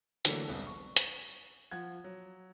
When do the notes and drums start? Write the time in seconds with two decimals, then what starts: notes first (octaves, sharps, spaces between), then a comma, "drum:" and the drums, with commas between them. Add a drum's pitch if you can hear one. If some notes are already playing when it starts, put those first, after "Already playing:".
0.25 D3 E3 F#3 A3 A#3, drum: hi-hat
0.48 E1 C2
0.67 C#6
0.97 drum: hi-hat
1.71 F3 F#5 G#6
2.04 F#3